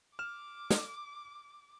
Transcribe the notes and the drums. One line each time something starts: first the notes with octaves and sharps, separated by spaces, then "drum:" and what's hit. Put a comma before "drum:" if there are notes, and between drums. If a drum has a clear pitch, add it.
D6 F6 E7
drum: snare